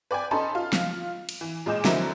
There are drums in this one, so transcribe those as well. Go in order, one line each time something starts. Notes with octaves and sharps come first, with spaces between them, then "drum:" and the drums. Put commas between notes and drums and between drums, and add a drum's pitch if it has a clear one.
B4 D5 G5 G#5
C#4 D#4 A4 A5 B5 C6
F4
drum: snare
drum: cymbal
E3
A#2 G#3 D#5 D6 G6 E7
D3 F#3 C4 E4 F#4 A#4, drum: snare